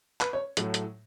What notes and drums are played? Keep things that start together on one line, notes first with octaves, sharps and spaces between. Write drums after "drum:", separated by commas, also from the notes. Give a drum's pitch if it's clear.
B4, drum: clap
C#5
A2 F#3 A3, drum: hi-hat
drum: hi-hat